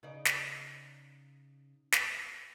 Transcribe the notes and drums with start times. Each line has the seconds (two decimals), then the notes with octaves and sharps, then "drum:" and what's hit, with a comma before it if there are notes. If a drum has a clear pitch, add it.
0.03 C#3 D#4 D5
0.25 drum: snare
1.92 drum: snare